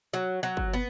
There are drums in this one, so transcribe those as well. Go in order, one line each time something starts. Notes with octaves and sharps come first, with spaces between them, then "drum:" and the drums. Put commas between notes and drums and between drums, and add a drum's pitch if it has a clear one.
F#3
F#3
drum: kick G1
B3